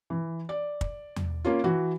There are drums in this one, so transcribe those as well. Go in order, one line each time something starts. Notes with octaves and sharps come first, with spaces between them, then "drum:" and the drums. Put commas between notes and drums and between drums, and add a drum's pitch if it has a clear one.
E3
D5
drum: kick
drum: tom E2
A#3 C#4 F4
E3 F#4